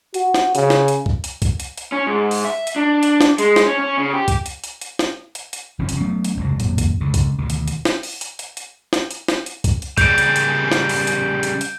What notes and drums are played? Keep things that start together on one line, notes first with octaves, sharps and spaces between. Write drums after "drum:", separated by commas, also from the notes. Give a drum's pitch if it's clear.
F#4, drum: hi-hat
drum: snare
C#3, drum: hi-hat
drum: snare
drum: hi-hat
drum: kick C2
drum: hi-hat
drum: kick C2, hi-hat
drum: hi-hat
drum: hi-hat
C#4
G#2
drum: open hi-hat
E5
drum: hi-hat
D4
drum: hi-hat
drum: snare
G#3, drum: hi-hat
drum: snare
C#4
C#4
C#3
G4
drum: kick C2, hi-hat
drum: hi-hat
drum: hi-hat
drum: hi-hat
drum: snare
drum: hi-hat
drum: hi-hat
F#1 C2 F3 C#4
drum: hi-hat
F#3 A3 B3 C#4
drum: hi-hat
F1 C#2 G2
G#1 F2 A#2 F#3, drum: hi-hat
drum: kick C2, hi-hat
C#2 D3
drum: kick C2, hi-hat
D2 B2 D#3
drum: hi-hat
drum: hi-hat
drum: snare
drum: open hi-hat
drum: hi-hat
drum: hi-hat
drum: hi-hat
drum: snare
drum: hi-hat
drum: snare
drum: hi-hat
drum: kick C2, hi-hat
drum: hi-hat
C#3 G3 G6 D7, drum: kick C2, hi-hat
drum: hi-hat
drum: hi-hat
drum: snare
drum: open hi-hat
drum: hi-hat
drum: hi-hat
drum: hi-hat